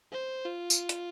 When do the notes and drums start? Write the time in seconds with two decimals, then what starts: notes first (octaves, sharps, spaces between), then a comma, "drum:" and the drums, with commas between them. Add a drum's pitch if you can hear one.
0.12 C5
0.45 F4
0.70 drum: tambourine
0.89 drum: hi-hat